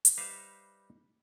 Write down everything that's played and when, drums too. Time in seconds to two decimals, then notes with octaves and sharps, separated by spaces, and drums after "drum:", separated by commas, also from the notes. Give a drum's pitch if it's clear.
0.05 drum: hi-hat
0.18 G3 D#4 B4 C5 E5 F5